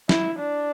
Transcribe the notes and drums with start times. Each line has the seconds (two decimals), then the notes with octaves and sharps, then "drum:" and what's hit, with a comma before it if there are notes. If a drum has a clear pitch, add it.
0.09 E4, drum: snare
0.39 D4